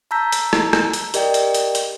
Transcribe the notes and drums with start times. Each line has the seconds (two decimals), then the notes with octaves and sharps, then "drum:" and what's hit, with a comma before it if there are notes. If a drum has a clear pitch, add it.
0.11 A5 A#5 E6 G6 B6
0.32 drum: hi-hat
0.53 drum: rim click
0.73 drum: rim click
0.93 drum: hi-hat
1.14 G4 A#4 D5 D#5 G5, drum: hi-hat
1.34 drum: hi-hat
1.54 drum: hi-hat
1.75 drum: hi-hat